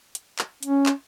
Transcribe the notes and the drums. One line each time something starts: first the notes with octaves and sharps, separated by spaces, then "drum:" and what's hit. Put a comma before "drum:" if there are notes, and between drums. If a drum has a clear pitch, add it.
drum: hi-hat
drum: clap
C#4, drum: hi-hat
drum: clap